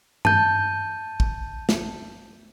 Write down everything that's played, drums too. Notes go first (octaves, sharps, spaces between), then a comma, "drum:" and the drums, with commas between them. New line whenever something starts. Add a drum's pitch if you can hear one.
A5 G6, drum: tom G2
drum: kick
drum: snare